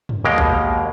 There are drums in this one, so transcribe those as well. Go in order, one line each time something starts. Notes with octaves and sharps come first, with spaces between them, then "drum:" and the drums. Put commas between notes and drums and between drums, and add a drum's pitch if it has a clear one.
drum: tom
D#2 B2 G#3 A#3 G5 A#5
drum: kick A#1